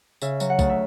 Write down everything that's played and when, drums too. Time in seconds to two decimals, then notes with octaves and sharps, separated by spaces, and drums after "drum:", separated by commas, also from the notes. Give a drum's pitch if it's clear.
0.22 C#3 E5, drum: tambourine
0.40 F#3, drum: tambourine
0.50 F#5
0.59 D2, drum: kick B1, tambourine
0.70 E5